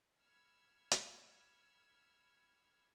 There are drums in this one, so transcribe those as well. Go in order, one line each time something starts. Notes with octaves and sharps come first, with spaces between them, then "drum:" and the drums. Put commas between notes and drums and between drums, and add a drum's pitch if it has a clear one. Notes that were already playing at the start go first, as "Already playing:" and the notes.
B5 E6 F6 G#6 C#7
drum: hi-hat